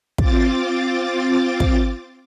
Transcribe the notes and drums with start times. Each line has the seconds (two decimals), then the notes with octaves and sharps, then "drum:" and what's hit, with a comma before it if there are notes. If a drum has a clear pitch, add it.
0.18 C4 F4 D6 A6, drum: kick
1.60 drum: kick